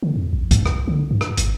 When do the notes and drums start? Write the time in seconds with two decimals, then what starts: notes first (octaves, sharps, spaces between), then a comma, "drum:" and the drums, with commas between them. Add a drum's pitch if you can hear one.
0.03 D3
0.16 F2
0.33 A#1
0.51 G2, drum: kick, hi-hat
0.66 C2, drum: rim click
0.88 D3
1.11 G2
1.21 drum: rim click
1.38 G#1, drum: hi-hat